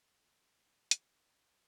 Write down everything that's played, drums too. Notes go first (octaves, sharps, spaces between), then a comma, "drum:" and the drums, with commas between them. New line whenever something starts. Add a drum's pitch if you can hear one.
A3
A#3, drum: hi-hat